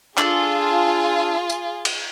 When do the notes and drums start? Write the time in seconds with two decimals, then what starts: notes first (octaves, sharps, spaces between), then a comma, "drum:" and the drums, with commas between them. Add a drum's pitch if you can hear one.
0.18 D4 F4 G#4 A4, drum: clap
1.50 drum: tambourine
1.85 drum: cymbal